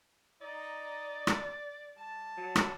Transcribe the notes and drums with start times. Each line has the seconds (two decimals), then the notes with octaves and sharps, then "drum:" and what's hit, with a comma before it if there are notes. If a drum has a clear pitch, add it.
0.41 D#4 D5 D#5 A#5
1.27 drum: rim click
1.96 G3 A5
2.37 F#3
2.56 drum: rim click